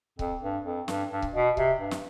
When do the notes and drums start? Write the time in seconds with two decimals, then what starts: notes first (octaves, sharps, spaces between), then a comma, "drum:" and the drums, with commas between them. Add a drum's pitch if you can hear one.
0.19 F2, drum: kick C#1
0.42 G2
0.65 F2
0.88 G2, drum: snare
1.11 G2
1.22 drum: kick C#1
1.34 B2
1.57 C3, drum: kick C#1
1.80 G2
1.91 drum: snare